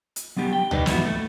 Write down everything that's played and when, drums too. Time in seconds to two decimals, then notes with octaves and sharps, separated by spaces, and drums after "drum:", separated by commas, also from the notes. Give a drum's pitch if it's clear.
0.16 drum: hi-hat
0.37 F#3 B3 D4 G4
0.53 G5
0.71 D4 D#4 B4 D5, drum: tom C#2
0.86 G#2 F3 B3 E4 F#4, drum: snare
1.05 A3